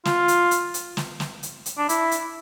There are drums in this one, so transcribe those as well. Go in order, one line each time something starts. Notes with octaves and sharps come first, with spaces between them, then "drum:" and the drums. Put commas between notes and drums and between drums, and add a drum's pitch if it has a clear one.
F4, drum: snare
drum: hi-hat
drum: hi-hat
drum: hi-hat
drum: snare
drum: snare
drum: hi-hat
drum: hi-hat
D4
E4, drum: hi-hat
drum: hi-hat